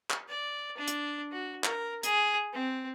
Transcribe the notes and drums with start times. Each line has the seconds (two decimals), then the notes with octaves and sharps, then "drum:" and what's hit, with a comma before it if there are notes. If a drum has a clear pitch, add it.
0.10 drum: clap
0.29 D5
0.78 D4
0.88 drum: hi-hat
1.32 F#4
1.64 A#4, drum: clap
2.03 G#4, drum: hi-hat
2.53 C4